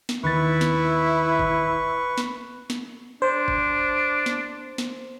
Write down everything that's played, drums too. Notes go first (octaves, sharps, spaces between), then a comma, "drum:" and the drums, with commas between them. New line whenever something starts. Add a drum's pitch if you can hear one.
drum: snare
D#2 D#3 E4 B4 C#6 A6
drum: snare
drum: kick G1
drum: snare
drum: snare
D4 C5
drum: kick G1
drum: snare
drum: snare